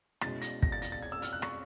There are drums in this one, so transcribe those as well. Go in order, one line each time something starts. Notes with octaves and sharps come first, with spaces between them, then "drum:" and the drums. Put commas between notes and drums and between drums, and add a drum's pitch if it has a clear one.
B2 G#3 C#4 E4 A6, drum: rim click
A#6, drum: hi-hat
A#6, drum: kick
A6
A#6, drum: hi-hat
A6
G#6
E6
F6, drum: hi-hat
F#6
C#6, drum: rim click